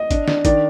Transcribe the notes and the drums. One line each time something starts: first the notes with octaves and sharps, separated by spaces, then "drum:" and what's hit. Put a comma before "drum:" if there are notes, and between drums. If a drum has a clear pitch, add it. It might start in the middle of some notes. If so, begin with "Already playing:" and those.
Already playing: D#5
D4, drum: kick G#1, hi-hat
D4, drum: snare
D#3 D5, drum: kick G#1, hi-hat